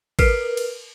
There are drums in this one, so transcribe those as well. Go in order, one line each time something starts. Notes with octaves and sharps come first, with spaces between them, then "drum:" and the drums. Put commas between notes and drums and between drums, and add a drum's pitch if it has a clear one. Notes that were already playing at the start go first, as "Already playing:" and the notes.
A#4 B4 F6 C7 D7, drum: kick G#1, cymbal
drum: cymbal